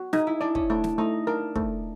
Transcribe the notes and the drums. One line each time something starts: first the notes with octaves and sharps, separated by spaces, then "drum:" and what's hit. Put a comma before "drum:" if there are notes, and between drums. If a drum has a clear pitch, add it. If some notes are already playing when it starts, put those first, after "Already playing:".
Already playing: F#4
D#4 G#4, drum: snare
E4
D4 D5
C#4, drum: kick
A3 D4
drum: snare
A3 D#4
D4 A#4
A3, drum: kick